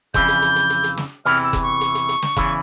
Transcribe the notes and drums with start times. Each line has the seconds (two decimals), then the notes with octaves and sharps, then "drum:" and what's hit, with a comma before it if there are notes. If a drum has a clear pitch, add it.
0.14 F2 C#3 E3 G6, drum: kick F1, hi-hat
0.28 drum: hi-hat
0.42 drum: hi-hat
0.56 drum: hi-hat
0.70 drum: hi-hat
0.84 drum: hi-hat
0.97 drum: snare
1.25 E2 C3 E3 F6, drum: open hi-hat
1.43 E6
1.53 drum: kick F1, hi-hat
1.62 C#6
1.81 drum: hi-hat
1.95 drum: hi-hat
2.09 drum: hi-hat
2.22 drum: snare
2.37 E2 C#3 E3, drum: kick F1, hi-hat